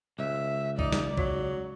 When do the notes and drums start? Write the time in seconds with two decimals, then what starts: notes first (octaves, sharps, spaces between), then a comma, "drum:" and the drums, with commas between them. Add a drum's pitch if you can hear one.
0.19 C#2 E5
0.79 D#4 D5, drum: kick B1
0.93 drum: snare
1.17 F#3, drum: kick B1